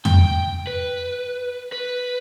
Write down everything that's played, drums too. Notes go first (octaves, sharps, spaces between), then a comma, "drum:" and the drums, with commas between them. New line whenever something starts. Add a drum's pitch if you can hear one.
G5, drum: tom
B4
B4